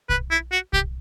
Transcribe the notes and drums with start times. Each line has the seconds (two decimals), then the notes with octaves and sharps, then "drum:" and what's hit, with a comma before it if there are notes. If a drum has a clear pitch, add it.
0.09 B4, drum: kick
0.31 E4
0.52 F#4
0.73 G4, drum: kick